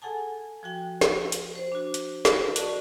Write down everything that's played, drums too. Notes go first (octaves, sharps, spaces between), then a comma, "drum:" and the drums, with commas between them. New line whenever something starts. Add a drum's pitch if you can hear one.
G#4 A4 F#5 G#5 A5
F3 F#4 G5
drum: snare
drum: hi-hat
C5
D4 F#4
drum: hi-hat
drum: snare
A#4
F#4 D5 D#5 A5 C#6, drum: hi-hat